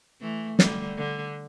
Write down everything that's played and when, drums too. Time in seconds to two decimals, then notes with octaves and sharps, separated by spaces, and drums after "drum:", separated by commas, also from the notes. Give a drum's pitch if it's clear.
0.21 E3 A3
0.59 D3 G3, drum: snare
0.97 D3